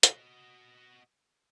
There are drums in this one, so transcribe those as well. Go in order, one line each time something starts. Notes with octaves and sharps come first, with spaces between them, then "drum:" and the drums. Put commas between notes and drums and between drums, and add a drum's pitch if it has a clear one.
F#4 D#5, drum: hi-hat